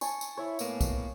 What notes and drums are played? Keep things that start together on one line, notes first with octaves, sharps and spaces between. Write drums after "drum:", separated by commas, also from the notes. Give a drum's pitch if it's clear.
G#5 A5 C#6, drum: tambourine
drum: tambourine
E4 C#5
A2 A#3 B3, drum: tambourine
drum: kick, tambourine